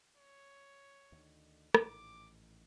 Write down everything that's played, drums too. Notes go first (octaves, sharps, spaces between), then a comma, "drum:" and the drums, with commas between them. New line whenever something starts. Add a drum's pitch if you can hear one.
C#5
D2 D#3
A1 G#2 D#3 D6, drum: rim click